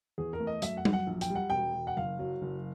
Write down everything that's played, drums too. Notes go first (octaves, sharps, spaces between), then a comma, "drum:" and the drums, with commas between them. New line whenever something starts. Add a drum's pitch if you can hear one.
E2 G#4
A#4
A3
D#5
F#2 E5, drum: hi-hat
F#5
F#2, drum: tom G3
F#5
A#1
G5, drum: hi-hat
G3
F#5
E1 G5
E1
F#5
F#1 F5
F#3
F#1